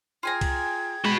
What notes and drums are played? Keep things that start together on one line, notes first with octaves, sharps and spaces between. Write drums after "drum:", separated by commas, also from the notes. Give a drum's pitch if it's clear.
F4 G#4 G5 G#5 A#5 G#6
drum: kick C2, cymbal
G#3 F#4 B5